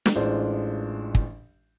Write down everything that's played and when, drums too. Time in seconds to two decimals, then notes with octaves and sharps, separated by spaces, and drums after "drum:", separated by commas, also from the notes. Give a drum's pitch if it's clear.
0.06 drum: snare
0.15 A1 E3 G#3 D4 F4 C5
1.15 drum: kick